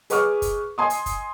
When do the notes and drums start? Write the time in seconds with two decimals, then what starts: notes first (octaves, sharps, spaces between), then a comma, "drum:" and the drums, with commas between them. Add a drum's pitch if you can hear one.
0.10 G#4 B4 D#5 C#6 D6 F6, drum: hi-hat
0.42 drum: kick, hi-hat
0.78 D#5 G#5 C6 D#6
0.90 drum: hi-hat
1.06 drum: kick, hi-hat